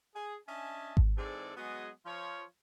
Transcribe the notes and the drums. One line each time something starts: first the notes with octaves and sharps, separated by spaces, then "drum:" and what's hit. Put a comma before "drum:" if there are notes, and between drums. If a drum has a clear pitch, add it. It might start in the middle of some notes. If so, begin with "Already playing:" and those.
G#4
C#4 D4 D#5 E5 G#5 A5
drum: kick G#1
G#2 E3 C4 G#4 A4 D5
F#3 G#3 B3 F#4 G#4 D#5
F3 F4 C#5